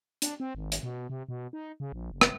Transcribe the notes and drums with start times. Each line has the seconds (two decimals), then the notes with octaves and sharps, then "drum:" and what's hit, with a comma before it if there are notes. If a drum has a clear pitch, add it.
0.22 D4, drum: hi-hat
0.40 C4
0.55 G#1
0.72 drum: hi-hat
0.83 B2
1.10 C3
1.29 B2
1.53 D#4
1.80 C#3
1.92 A#1
2.12 F#1
2.21 drum: rim click